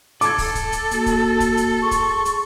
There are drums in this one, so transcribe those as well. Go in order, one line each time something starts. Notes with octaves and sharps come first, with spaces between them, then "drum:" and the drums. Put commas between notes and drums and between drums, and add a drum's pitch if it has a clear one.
A4 A5 D6 G#6, drum: hi-hat
drum: kick, open hi-hat
drum: kick, hi-hat
drum: hi-hat
A#3 F#4 A5, drum: hi-hat
drum: kick, hi-hat
drum: kick, hi-hat
drum: hi-hat
G#4 C6 C#6
drum: kick, hi-hat
drum: hi-hat